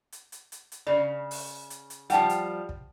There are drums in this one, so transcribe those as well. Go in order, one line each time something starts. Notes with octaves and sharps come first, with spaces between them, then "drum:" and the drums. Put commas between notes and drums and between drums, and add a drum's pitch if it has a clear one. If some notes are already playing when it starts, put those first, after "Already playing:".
drum: hi-hat
drum: hi-hat
drum: hi-hat
drum: hi-hat
C#3 D5
drum: open hi-hat
drum: hi-hat
drum: hi-hat
F3 G3 F#5 G5 A5, drum: hi-hat
drum: hi-hat
drum: kick